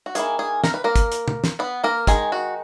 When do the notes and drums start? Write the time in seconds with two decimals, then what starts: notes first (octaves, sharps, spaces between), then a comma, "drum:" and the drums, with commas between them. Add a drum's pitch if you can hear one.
0.06 F#4
0.15 D#3 A#3 E4 G#4, drum: hi-hat
0.39 G#4
0.64 A#4, drum: snare
0.74 B4
0.84 A#3 A#4
0.96 drum: kick, hi-hat
1.12 drum: hi-hat
1.28 drum: tom
1.44 drum: snare
1.59 B3 B4
1.84 A#3 A#4
2.07 D#3 G#3 D#4 G#4, drum: kick, hi-hat
2.32 F#4